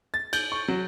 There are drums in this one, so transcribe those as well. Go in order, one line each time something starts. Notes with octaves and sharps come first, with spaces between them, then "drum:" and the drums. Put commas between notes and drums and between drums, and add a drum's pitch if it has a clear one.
A6
G6, drum: cymbal
C#6
F#3